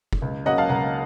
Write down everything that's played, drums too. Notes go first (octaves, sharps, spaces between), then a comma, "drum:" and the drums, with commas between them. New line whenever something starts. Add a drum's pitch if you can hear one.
drum: kick F1
C#2
C#3 F#3 A#3 D#5 F#5
F5 A5
C#2 F#5 A#5